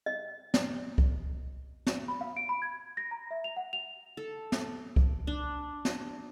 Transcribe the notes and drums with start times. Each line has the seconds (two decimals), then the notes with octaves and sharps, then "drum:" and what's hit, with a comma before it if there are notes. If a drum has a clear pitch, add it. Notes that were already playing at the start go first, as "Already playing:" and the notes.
0.06 D#5
0.54 drum: snare
0.98 drum: kick C2
1.87 drum: snare
2.08 B5
2.21 F5
2.37 D7
2.49 B5
2.62 G#6
2.97 A#6
3.11 A#5
3.31 E5
3.44 F7
3.57 F#5
3.73 F7
4.17 A4
4.52 drum: snare
4.96 drum: kick C2
5.27 D4
5.85 drum: snare